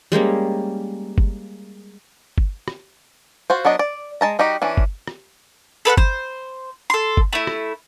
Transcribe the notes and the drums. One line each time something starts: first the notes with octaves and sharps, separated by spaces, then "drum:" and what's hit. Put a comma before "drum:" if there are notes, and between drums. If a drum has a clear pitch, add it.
G3 G#3 A#3 C#4
drum: kick G1
drum: kick G1
drum: rim click
F4 F#4 C5
F#3 B3 D4 D#5
D5
G#3 A5 A#5
G3 D#4 F#4 G4
E3 C#4 D4
drum: kick G1
drum: rim click
A4 B4 F5 F#5
C5, drum: kick G1
A4 C6
drum: kick G1
A3 E4
drum: rim click